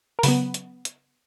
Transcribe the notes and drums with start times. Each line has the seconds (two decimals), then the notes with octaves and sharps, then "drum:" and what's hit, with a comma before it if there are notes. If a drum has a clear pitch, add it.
0.19 A#4
0.23 C#3 F#3 B3 B4, drum: open hi-hat
0.54 drum: hi-hat
0.85 drum: hi-hat